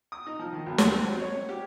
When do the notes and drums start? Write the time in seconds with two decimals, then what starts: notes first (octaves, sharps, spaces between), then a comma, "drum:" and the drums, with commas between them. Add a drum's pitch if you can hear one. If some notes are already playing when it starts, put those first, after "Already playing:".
0.12 D#6
0.26 D#4
0.39 F3
0.53 D#3
0.66 B1
0.78 D#2, drum: snare
0.95 C4
1.07 F#3
1.20 C#5
1.34 C#4
1.49 G4